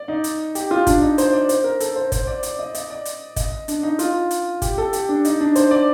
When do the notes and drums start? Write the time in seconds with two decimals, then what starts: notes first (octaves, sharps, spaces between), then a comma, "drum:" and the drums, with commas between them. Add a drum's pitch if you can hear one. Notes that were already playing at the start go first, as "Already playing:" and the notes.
Already playing: D5
0.08 D#4
0.24 drum: hi-hat
0.55 G4, drum: hi-hat
0.71 F4
0.87 D4, drum: kick, hi-hat
1.02 D#4
1.18 C5, drum: hi-hat
1.33 D5
1.49 C5, drum: hi-hat
1.64 A#4
1.80 A4, drum: hi-hat
1.96 C5
2.12 C5, drum: kick, hi-hat
2.27 D5
2.43 D5, drum: hi-hat
2.59 D#5
2.75 D#5, drum: hi-hat
2.90 D5
3.05 drum: hi-hat
3.36 D#5, drum: kick, hi-hat
3.68 D4, drum: hi-hat
3.83 D#4
3.99 F4, drum: hi-hat
4.31 drum: hi-hat
4.62 G4, drum: kick, hi-hat
4.78 A4
4.93 G4, drum: hi-hat
5.09 D4
5.25 D#4, drum: hi-hat
5.41 D4
5.55 C5, drum: hi-hat
5.71 D5